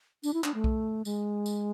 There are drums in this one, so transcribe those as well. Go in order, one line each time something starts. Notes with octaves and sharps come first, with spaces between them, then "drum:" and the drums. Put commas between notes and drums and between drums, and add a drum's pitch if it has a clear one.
D4, drum: tambourine
E4
D4, drum: clap
A3
drum: kick B1
G#3, drum: tambourine
drum: tambourine